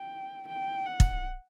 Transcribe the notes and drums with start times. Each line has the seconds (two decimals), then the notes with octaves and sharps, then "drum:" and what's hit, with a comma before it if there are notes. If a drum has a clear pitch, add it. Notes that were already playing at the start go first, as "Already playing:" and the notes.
Already playing: G5
0.48 G5
0.86 F#5
1.00 drum: kick